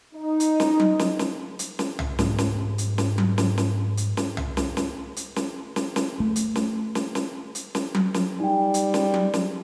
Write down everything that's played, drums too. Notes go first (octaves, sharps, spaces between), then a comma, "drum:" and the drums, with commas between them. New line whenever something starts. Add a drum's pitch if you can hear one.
D#4
drum: hi-hat
drum: snare
drum: tom F#3
drum: snare
drum: snare
drum: hi-hat
drum: snare
drum: tom
G#2 F#3 G#3 B3, drum: snare
drum: snare
drum: hi-hat
drum: snare
drum: tom F#3
drum: snare
drum: snare
drum: hi-hat
drum: snare
drum: tom
drum: snare
drum: snare
drum: hi-hat
drum: snare
drum: snare
drum: snare
A3
drum: hi-hat
drum: snare
drum: snare
drum: snare
drum: hi-hat
drum: snare
drum: tom F#3
drum: snare
G3 D#4 G5
drum: hi-hat
drum: snare
drum: tom F#3
drum: snare